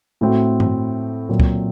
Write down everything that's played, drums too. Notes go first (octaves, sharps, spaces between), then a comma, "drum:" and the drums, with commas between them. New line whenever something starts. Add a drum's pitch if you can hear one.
A2 A3 C4 F#4
drum: tom G2
A#2 F#3 C4
drum: kick C#2